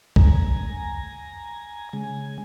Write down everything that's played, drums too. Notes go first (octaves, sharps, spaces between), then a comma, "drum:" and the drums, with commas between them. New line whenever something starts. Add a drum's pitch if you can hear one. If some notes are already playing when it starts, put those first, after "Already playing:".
G#5 A#5, drum: kick
C#3 G#3 G#5